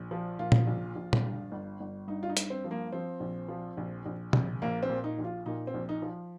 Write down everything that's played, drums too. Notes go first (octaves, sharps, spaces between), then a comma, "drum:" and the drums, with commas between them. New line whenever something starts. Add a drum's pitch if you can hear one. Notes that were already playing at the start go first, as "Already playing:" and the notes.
Already playing: A#1
F3
A#2 F4
drum: tom A#2
A#1
A#1
drum: tom A#2
G2
G1
G1
G2 D#4
F4
D#4
G2, drum: hi-hat
C4
F3
A#3
F3 C4
A#1
F3
A#1
A#1
A#1, drum: tom
A#1 A#3
C4
A#2
D#4
A#1
F4
A#2 D#4
C4
A#1
D#4
F3